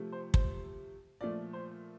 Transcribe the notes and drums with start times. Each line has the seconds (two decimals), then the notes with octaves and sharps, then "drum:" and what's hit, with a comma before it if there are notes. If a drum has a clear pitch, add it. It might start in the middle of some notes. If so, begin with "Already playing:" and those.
Already playing: C3 F3 A3
0.12 C5
0.34 C5, drum: kick
1.21 A#2 F3 A3 D5
1.53 C5